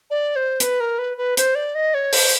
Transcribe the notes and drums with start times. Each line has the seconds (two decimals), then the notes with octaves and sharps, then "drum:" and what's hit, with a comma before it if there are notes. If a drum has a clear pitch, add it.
0.10 D5
0.36 C5
0.60 B4, drum: hi-hat
0.80 A#4
0.99 B4
1.18 B4
1.37 C5, drum: hi-hat
1.55 D5
1.75 D#5
1.94 C#5
2.13 C5, drum: open hi-hat